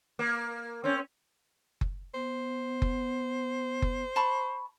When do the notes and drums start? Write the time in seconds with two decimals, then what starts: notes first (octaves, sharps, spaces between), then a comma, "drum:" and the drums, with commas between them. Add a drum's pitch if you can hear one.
0.19 A#3
0.84 C4 C#4
1.81 drum: kick F#1
2.14 B3 C5
2.82 drum: kick F#1
3.82 drum: kick F#1
4.16 A5 B5 C#6